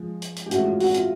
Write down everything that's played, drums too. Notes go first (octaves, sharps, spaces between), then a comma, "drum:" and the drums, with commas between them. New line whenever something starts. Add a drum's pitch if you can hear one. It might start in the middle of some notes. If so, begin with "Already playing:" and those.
Already playing: F3 G#3
drum: hi-hat
drum: hi-hat
G4
A2 E3 G#3 C#4 E4 F#4, drum: hi-hat
F4
F#4, drum: open hi-hat
F4, drum: hi-hat